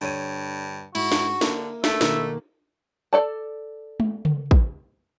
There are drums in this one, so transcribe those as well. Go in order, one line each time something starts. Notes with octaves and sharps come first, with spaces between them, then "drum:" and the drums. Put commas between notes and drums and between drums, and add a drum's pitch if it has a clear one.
G2 D3 C#5 D#7
G#2 E4 F#4, drum: cymbal
drum: snare
D3 A#3 E5, drum: snare
A3 E4, drum: snare
B2 D#3 A#3, drum: snare
A4 D5 A5
drum: tom G#3
drum: tom C#3
drum: kick